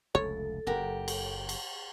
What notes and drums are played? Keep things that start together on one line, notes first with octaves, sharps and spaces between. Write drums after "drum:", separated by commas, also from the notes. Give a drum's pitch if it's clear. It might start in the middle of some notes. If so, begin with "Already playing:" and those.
F1 C#2 A4 C#5
F#1 F#2 G4 A#4 F#5
drum: cymbal
drum: cymbal